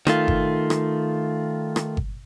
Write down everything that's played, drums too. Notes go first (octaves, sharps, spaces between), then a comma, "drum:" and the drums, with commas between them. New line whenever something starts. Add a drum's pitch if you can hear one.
D#3 A3 F4, drum: rim click
drum: kick G1
drum: rim click
drum: rim click
drum: kick G1